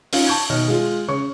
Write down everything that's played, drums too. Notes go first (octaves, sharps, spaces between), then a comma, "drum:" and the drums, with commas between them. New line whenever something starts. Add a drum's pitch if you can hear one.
C#4 D#4 F4 C#5 F5, drum: open hi-hat
A5 C#6 G6 G#6
B2 D#3 C#5 D#5 F6
G#3 F4
C#3 C#5 C#6